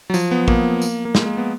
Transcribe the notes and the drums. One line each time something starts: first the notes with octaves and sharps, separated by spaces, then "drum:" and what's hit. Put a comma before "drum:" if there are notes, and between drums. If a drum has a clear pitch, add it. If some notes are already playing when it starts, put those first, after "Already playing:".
F#3
F3, drum: tambourine
B3
A#3, drum: kick
drum: tambourine
A#3
G#3, drum: snare
A#3
B3